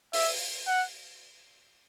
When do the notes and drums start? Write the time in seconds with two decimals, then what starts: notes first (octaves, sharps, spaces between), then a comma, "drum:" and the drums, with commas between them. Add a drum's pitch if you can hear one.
0.13 E5, drum: open hi-hat
0.67 F#5